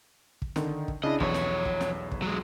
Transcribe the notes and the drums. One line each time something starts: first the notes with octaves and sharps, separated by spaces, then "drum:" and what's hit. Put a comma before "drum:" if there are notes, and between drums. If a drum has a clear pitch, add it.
drum: kick
D3 D#3, drum: snare
drum: kick
C#3 D4 E4 D#5
B1 E2 F3 C#5, drum: kick
drum: snare
drum: kick
drum: snare
drum: kick
F#3 G#3